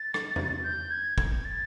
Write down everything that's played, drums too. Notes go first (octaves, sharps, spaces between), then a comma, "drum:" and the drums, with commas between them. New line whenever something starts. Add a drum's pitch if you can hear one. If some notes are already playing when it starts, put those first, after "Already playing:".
Already playing: A6
drum: rim click
drum: tom E2
G6
G#6
G#6, drum: kick
A6